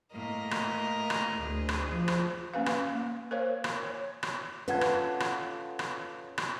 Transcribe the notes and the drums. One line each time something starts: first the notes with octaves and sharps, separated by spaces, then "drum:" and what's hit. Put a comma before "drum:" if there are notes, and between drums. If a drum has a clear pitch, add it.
A2 A#3 A#4 D#5
drum: rim click
drum: rim click
D2 G#4
drum: rim click
F3
drum: rim click
A#3 C#4 B4 F5
drum: rim click
A#3
A#4 C5 C#5 F5
drum: rim click
C#5
drum: rim click
C#4 F4 A4 B4 F#5 G#6
drum: rim click
drum: rim click
drum: rim click
drum: rim click